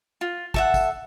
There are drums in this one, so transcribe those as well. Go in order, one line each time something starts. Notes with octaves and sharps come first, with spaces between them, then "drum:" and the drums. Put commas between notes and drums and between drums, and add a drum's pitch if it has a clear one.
F4
A4 E5 F#5, drum: kick
drum: kick, tambourine